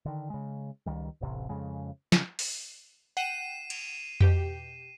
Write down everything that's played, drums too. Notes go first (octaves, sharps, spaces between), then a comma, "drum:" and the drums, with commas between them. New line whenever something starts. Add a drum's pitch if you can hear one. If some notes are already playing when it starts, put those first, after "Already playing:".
D3 D#3
C#3 G#3
C#2 D#3 G3
D1 A1 C3
F2 C#3 G#3
C#3 F#3 C#4, drum: snare
drum: open hi-hat
F#5 G5 C7 D#7 E7
drum: cymbal
B2 G4 G5, drum: tom F2